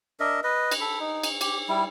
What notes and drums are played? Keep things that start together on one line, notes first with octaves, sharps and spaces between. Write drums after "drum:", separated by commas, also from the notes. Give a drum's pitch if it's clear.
D4 A#4 D#5 E5
B4 D#5
drum: cymbal
A4 B5
D#4
drum: cymbal
G4, drum: cymbal
G3 E4